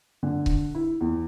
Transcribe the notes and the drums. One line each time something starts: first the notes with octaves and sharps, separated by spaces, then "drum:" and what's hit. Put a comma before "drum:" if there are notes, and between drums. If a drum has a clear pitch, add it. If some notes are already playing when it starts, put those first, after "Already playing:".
D3
drum: kick C#1
E4
E2